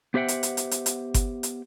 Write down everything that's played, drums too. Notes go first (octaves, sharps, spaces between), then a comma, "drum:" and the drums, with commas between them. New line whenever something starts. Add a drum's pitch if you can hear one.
B3 G4 C5 E5 F#5 G5
drum: hi-hat
drum: hi-hat
drum: hi-hat
drum: hi-hat
drum: hi-hat
drum: kick G1, hi-hat
drum: hi-hat